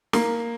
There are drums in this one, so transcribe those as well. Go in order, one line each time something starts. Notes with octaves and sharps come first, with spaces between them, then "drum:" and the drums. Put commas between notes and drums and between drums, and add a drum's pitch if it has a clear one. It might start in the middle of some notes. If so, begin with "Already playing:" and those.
A#3, drum: snare